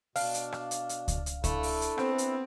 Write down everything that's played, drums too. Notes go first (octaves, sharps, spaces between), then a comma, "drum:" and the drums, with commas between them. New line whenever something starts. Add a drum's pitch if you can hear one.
B2 D4 F5, drum: open hi-hat
drum: hi-hat
drum: rim click
drum: hi-hat
drum: hi-hat
drum: kick C#2, hi-hat
drum: hi-hat
A3 D4 E4 A4, drum: kick C#2, hi-hat
drum: open hi-hat
drum: hi-hat
B3 C4, drum: rim click
drum: hi-hat